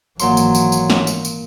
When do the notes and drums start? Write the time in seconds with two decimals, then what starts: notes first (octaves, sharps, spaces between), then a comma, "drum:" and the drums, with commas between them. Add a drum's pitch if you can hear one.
0.20 G#1 A#2 E3 F#3 C6, drum: tambourine
0.37 drum: tambourine
0.55 drum: tambourine
0.72 drum: tambourine
0.90 drum: snare
1.07 drum: tambourine
1.25 drum: tambourine